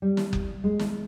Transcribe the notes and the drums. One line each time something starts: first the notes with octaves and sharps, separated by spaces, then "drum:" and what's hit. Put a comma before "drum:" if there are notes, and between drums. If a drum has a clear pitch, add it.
G3
drum: snare
drum: kick F#1
G#3
drum: snare